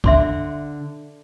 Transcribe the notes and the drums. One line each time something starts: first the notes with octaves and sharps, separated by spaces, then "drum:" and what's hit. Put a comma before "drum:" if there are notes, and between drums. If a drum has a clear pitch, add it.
D3 E5 C6 D6, drum: kick C2